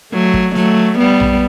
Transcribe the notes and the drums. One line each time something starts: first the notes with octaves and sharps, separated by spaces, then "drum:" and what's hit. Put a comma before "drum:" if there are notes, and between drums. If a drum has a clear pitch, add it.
F#3 A3
drum: kick
F#3 A3, drum: snare
G3 B3
drum: tom A#1